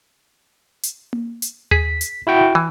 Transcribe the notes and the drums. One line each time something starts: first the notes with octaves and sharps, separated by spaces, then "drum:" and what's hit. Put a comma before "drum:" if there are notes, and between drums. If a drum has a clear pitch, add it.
drum: hi-hat
drum: tom A#3
drum: hi-hat
G#4 B6, drum: tom D#2
drum: hi-hat
E4 F#4 G5
E3